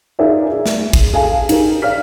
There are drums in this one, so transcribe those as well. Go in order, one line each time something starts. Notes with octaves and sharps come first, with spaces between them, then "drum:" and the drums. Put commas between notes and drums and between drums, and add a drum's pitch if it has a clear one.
D#4 F4 G#4 A#4 D5 E5
G#4 E5
drum: snare
drum: kick, cymbal
G#4 A4 F5 G#5
D#4 G4 G#4 A#4, drum: cymbal
D5 F5 F6 B6